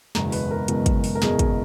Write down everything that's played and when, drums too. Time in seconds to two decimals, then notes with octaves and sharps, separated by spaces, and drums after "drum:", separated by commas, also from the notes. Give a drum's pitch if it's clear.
0.15 F#1 E2 B2 G#3 A#5, drum: snare
0.32 B4, drum: open hi-hat
0.51 A#4
0.68 F#1 E2 B2 G#3, drum: hi-hat
0.86 drum: kick, hi-hat
1.04 drum: open hi-hat
1.15 A#4
1.22 F#1 E2 B2 G#3 G#4, drum: snare
1.39 drum: kick, hi-hat